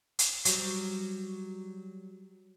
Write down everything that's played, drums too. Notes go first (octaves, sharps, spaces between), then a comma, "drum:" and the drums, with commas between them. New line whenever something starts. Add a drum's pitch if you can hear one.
drum: hi-hat
F#3 G3, drum: hi-hat